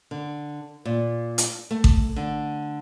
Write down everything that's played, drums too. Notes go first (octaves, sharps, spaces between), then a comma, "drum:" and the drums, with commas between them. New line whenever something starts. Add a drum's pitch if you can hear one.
D3
A#2
drum: hi-hat
A3
drum: kick A1
D3